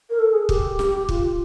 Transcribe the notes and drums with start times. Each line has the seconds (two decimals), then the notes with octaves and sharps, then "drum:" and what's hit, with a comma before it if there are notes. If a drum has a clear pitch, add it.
0.10 A#4
0.19 A4
0.33 G#4
0.49 G4, drum: kick
0.79 drum: snare
1.09 F4, drum: kick